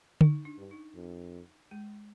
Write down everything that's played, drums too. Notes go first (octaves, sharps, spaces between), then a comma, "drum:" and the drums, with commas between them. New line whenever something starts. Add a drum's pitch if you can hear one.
D#4, drum: tom
D4
G2
D#4
F2
G#3